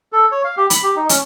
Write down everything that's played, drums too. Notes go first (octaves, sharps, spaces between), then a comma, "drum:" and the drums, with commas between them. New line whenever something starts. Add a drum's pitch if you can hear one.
A4
C#5
F5
G4
B5, drum: hi-hat
G4
D#4
C#4, drum: hi-hat